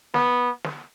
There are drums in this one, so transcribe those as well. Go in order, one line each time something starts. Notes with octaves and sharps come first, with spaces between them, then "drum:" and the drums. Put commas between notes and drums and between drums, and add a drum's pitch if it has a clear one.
B3, drum: snare
drum: snare